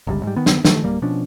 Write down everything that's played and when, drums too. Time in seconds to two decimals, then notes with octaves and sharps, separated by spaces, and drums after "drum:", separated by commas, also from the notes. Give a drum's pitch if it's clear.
0.07 G1 C#2 G3
0.23 G#2 G3
0.36 D#3 B3
0.46 drum: snare
0.65 D#3 F3 A3, drum: snare
0.83 D1 G3 A#3
1.02 B2 F3 C#4 D4